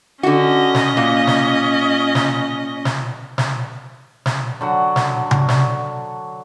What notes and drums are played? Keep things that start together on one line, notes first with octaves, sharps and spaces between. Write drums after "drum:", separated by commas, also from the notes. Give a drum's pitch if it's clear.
D3 C#4 F#4 D#5
drum: snare
A#2
drum: snare
drum: snare
drum: snare
drum: snare
drum: snare
D3 F#3 F#5
drum: snare
drum: tom C3
drum: snare